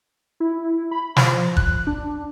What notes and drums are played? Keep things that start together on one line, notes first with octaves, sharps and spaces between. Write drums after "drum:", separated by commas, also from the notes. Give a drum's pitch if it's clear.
E4
B5
F3, drum: snare
F#6, drum: kick
D4